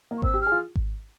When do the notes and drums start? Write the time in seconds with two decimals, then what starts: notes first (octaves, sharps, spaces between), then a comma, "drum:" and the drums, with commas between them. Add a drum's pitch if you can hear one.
0.11 A#3
0.17 C#6
0.22 C4 E6, drum: kick G#1
0.34 G4
0.41 F6
0.47 G#4
0.52 F4
0.76 drum: kick G#1